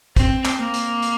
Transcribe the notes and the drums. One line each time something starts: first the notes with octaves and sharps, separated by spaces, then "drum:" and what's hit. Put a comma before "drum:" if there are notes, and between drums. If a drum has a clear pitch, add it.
C4, drum: kick, hi-hat
drum: clap
A#3
drum: hi-hat
drum: hi-hat